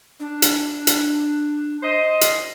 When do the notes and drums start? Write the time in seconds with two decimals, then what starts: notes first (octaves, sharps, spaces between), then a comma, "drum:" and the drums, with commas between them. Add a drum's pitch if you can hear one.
0.20 D4
0.42 drum: hi-hat
0.87 drum: hi-hat
1.83 C5 D#5
2.21 drum: hi-hat